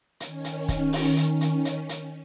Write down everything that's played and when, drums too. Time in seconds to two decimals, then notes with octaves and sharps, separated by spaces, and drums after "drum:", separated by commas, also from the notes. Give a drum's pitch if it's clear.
0.20 D#3 C#4, drum: hi-hat
0.44 drum: hi-hat
0.69 drum: kick, hi-hat
0.93 drum: open hi-hat
1.17 drum: hi-hat
1.41 drum: hi-hat
1.65 drum: hi-hat
1.89 drum: hi-hat